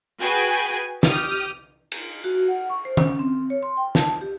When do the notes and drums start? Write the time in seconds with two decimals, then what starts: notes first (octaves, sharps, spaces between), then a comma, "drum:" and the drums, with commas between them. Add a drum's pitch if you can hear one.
0.20 F#4 G#4 B4 G5 G#5
1.03 G4 D#6 F6, drum: snare
1.92 drum: cymbal
2.24 F#4
2.48 F#5
2.70 C#6
2.85 C5
2.97 C#4, drum: tom D#3
3.19 C4
3.50 C#5
3.63 C6
3.77 G5
3.95 A5, drum: snare
4.21 G4